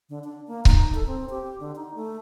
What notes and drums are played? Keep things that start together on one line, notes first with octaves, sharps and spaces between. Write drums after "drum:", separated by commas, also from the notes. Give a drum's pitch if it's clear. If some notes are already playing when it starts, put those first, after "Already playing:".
D3
D4
A#3
D#4, drum: kick C#1
A4
C4
G4
D3
D#4
A3